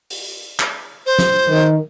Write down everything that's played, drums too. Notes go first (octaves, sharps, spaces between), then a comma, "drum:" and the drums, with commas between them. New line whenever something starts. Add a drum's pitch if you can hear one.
drum: open hi-hat
drum: clap
C5
drum: snare
D#3